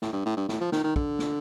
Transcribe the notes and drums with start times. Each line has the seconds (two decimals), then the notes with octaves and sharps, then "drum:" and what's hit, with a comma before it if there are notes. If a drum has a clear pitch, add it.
0.02 A2, drum: snare
0.13 G2
0.25 A2
0.37 G2
0.49 A2, drum: snare
0.61 F3
0.72 D#3, drum: snare
0.84 D#3
0.96 D3, drum: kick
1.19 drum: snare